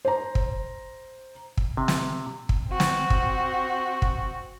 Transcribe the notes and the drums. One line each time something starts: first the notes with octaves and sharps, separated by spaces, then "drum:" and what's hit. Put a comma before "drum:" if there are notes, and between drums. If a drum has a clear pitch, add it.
C5 A#5
drum: kick
drum: kick
C3
drum: snare
drum: kick
C4 F#4
drum: snare
drum: kick
drum: kick